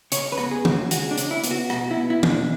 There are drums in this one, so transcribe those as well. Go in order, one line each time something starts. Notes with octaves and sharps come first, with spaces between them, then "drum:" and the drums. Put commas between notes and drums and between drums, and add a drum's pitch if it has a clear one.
C#3 C#5, drum: hi-hat
B4
B3, drum: rim click
G#4
C#3, drum: tom D#3
F#4
G#3 F#4, drum: hi-hat
D4
C#3, drum: hi-hat
E4
B3, drum: hi-hat
F#4
B2 F#4, drum: rim click
E4
B3
E4
B2, drum: tom D#3
D4